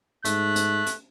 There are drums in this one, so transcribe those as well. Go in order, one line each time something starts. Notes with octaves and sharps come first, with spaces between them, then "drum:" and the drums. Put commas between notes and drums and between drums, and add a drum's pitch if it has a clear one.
G#2 A3 F#6, drum: hi-hat
drum: hi-hat
drum: hi-hat